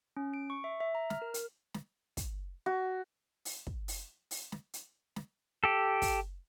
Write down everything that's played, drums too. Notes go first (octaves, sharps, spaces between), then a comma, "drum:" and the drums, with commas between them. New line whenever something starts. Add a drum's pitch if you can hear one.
C#4
D7
C#6
E5
E5
A#5
F6, drum: snare
A#4
A#4, drum: hi-hat
drum: snare
drum: kick, hi-hat
F#4
drum: open hi-hat
drum: kick
drum: open hi-hat
drum: open hi-hat
drum: snare
drum: hi-hat
drum: snare
G4 A4
drum: kick, open hi-hat